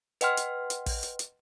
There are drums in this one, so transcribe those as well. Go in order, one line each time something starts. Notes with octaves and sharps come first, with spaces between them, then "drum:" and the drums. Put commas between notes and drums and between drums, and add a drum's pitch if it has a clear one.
B4 D#5 F#5 G5 C6 F6, drum: hi-hat
drum: hi-hat
drum: hi-hat
drum: kick, open hi-hat
drum: hi-hat
drum: hi-hat